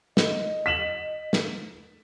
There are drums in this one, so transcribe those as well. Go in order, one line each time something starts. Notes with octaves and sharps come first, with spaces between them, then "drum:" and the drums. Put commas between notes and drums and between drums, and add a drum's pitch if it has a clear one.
D#5, drum: snare
B6 E7 F#7
drum: snare